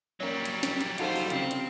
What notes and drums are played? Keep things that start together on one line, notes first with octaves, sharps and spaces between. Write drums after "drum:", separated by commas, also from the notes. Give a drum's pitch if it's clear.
F#3 G3 A#3 C#4
drum: hi-hat
drum: snare
drum: hi-hat
D#4 F4 F#4 A4 C5, drum: hi-hat
drum: open hi-hat
C#3 C4 E7, drum: hi-hat
drum: hi-hat